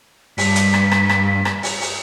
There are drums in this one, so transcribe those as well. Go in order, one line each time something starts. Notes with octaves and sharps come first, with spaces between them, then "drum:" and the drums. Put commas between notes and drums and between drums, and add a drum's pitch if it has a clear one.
G2 B6, drum: open hi-hat
drum: hi-hat
drum: rim click
drum: rim click
drum: rim click
drum: rim click
drum: open hi-hat
drum: open hi-hat